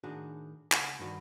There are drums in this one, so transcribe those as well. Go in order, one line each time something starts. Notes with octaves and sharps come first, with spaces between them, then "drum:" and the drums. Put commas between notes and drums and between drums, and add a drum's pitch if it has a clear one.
A2 D#3 D4 F#4 G#4
C#2 F#5 G#5, drum: clap
G2 D#3 F#4 D5